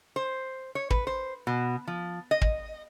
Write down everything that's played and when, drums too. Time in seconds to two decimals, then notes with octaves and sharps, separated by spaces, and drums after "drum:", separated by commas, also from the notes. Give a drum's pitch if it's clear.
0.16 C5
0.75 C#5
0.90 B4, drum: kick
1.07 C5
1.47 B2
1.87 F3
2.31 D#5
2.42 drum: kick